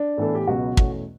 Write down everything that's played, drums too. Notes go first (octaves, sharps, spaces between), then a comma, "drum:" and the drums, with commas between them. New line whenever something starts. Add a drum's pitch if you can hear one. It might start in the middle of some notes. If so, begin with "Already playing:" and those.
Already playing: D4
A2 E3 B3 A4
G4
C#2 B2 F#3 B3 F#4
E2 B2 A3 C#4, drum: kick